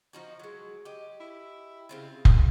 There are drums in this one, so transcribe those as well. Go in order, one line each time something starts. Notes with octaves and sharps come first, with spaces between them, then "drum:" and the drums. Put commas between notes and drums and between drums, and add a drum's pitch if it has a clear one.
F3 D#4 F#4
F#3 G#3
G4 D#5
E4
C#3 C4 F4
drum: kick F1